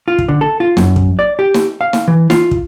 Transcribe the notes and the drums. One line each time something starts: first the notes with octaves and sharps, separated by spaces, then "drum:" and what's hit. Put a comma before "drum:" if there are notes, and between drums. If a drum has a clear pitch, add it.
F4
drum: kick
D3
A4
F4
F#2, drum: snare
drum: kick
D5
G4
drum: snare
F5
drum: snare
E3
F4, drum: snare
drum: kick